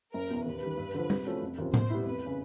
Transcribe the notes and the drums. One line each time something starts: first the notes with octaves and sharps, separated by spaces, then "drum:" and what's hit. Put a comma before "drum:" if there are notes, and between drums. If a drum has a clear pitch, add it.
F#1 A#4
E2 B2
D#2 B4
D#3 G3
G2
D3 F3
C3, drum: tom G3
F3 A3 C#4 F#4
F1
D#2 C#3 F3
B2 C5, drum: tom A2
G3 B3 E4
F1 B4
C#3